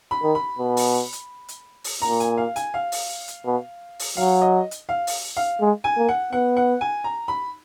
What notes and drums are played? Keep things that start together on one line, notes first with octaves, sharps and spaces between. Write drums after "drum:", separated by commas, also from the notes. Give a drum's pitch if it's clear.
B5
D#3
B5
B2
drum: open hi-hat
drum: hi-hat
drum: hi-hat
drum: open hi-hat
A#2 A#5
G#5, drum: hi-hat
F5
G#5, drum: hi-hat
F5
drum: open hi-hat
drum: hi-hat
B2
drum: open hi-hat
F#3 F5
D#5
drum: hi-hat
F5
drum: open hi-hat
F5
G#3
G#5
A#3
F#5
B3 F#5
F#5
G#5
A#5
B5